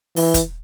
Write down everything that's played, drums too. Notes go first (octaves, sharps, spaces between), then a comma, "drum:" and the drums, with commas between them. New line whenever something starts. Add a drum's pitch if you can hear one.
E3, drum: open hi-hat
drum: kick, hi-hat